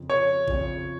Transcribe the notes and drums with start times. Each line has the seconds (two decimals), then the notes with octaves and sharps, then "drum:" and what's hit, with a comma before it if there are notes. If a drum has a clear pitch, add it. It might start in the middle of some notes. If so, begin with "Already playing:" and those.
Already playing: F2 C#3 F3
0.10 C#5
0.48 F2 C#3 F3, drum: kick